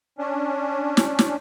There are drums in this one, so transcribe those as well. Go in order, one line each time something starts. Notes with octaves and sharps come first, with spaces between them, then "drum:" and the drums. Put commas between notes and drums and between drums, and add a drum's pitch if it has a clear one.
C#4 D4
drum: snare
drum: snare